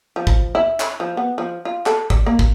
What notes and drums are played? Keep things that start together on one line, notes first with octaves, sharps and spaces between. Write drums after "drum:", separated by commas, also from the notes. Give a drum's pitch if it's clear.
F3
drum: kick
E4
drum: clap
F3
B3
F3
F4
A4, drum: clap
D5, drum: kick
A#3
drum: kick